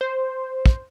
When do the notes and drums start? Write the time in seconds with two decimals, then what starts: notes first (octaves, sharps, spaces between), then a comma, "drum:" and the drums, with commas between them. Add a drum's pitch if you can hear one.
0.01 C5
0.66 drum: kick